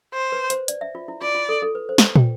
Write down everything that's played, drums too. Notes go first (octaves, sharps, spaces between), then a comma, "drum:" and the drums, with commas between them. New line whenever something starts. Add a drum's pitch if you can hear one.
C5
B4
C5, drum: hi-hat
D5, drum: hi-hat
E5
F4
E4
F4 D5
F4
A4
A4
B4
C5
drum: snare
G5, drum: tom